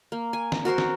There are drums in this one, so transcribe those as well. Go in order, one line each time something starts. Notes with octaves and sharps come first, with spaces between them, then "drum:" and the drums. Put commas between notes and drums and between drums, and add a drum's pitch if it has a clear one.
A#3
G#5
drum: snare
F#4 A#4 C5 C6
drum: snare